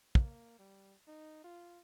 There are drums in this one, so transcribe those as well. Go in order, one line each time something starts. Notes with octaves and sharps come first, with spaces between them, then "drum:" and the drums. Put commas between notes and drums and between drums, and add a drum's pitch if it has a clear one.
A#3, drum: kick
G3
D#4
F4